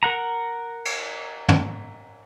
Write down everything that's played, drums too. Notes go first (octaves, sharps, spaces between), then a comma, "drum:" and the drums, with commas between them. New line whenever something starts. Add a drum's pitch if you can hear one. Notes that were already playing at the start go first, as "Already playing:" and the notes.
A#4 F#5 A#5
drum: cymbal
drum: tom